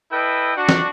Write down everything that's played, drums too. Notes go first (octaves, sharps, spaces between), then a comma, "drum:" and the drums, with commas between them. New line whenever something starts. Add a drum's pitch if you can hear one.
E4 A4 B4 D#5 G5
D4 F#4
drum: snare